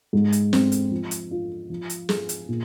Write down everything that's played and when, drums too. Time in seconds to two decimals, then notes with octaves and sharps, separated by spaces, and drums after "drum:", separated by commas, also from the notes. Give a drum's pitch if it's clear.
0.13 G#2
0.32 drum: hi-hat
0.53 C4, drum: snare
0.72 drum: hi-hat
0.91 F3
1.11 drum: hi-hat
1.31 F4
1.70 F3
1.90 drum: hi-hat
2.09 G#4, drum: snare
2.29 drum: hi-hat
2.48 A#2